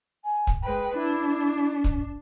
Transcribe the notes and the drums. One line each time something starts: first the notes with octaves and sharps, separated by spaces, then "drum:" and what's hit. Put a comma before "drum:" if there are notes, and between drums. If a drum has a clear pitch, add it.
G#5
drum: kick
G#3 B4 G5
D4 E4
drum: kick